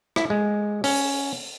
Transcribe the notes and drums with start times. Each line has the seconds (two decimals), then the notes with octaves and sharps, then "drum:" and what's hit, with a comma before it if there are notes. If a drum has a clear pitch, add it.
0.16 E4, drum: rim click
0.30 G#3
0.84 C#4, drum: open hi-hat